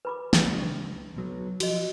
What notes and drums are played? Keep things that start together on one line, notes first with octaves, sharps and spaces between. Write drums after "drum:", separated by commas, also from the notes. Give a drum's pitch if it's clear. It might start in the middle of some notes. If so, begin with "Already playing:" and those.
B4 B5 D6
drum: snare
C#2
B2 F#3
F3 F#4 D#5, drum: cymbal